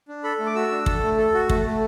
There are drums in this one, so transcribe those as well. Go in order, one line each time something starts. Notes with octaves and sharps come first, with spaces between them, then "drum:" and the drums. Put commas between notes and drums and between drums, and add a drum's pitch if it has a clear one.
D4
A4 B5
A3
D6
F#4 E6
D4
A4, drum: kick
A3
A4
F#4
A3, drum: kick
A3